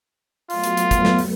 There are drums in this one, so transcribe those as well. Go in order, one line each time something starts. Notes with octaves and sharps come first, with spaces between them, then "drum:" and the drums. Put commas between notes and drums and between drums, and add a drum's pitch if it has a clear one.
F#3 A3 B3 F4, drum: open hi-hat
drum: hi-hat
drum: hi-hat
drum: kick, hi-hat
drum: snare
drum: open hi-hat